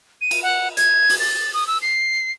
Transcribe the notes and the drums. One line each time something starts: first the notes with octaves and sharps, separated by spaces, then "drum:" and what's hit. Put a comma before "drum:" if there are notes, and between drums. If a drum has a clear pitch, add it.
D#7
drum: cymbal
F#5
G#6, drum: hi-hat
drum: open hi-hat
A6
D#6
E6
C7